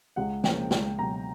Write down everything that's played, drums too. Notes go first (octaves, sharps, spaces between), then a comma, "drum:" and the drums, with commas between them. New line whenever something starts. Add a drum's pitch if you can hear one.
C#2 F#5
C#3 F3 A#3 G5, drum: snare
C#2 G5, drum: snare
B2 F#3 A#5